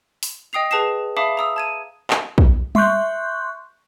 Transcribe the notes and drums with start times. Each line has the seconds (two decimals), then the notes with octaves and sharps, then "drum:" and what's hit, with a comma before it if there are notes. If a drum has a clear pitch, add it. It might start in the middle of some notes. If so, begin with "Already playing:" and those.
0.23 drum: open hi-hat
0.53 D#5 G5 D#6 C7 F7
0.71 G#4 B4 A5 D#6 C7 E7
1.17 E5 F5 A5 B5 D6 D#6
1.37 A#5 D#6 E6
1.56 A5 G#6 D#7
2.10 drum: clap
2.38 drum: kick
2.75 E5 C6 C#6 F#6 G6, drum: tom G3